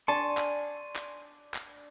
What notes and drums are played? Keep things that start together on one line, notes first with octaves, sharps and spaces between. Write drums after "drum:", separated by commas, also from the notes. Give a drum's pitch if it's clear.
D4 G#5 A5 C6 C#6
drum: clap
drum: clap
drum: clap